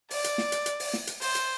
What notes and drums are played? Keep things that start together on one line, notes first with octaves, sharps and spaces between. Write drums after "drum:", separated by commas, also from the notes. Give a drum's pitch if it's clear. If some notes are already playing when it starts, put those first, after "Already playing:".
D5, drum: open hi-hat
drum: hi-hat
drum: snare
drum: hi-hat
drum: hi-hat
drum: open hi-hat
drum: snare
drum: hi-hat
C5, drum: open hi-hat
drum: hi-hat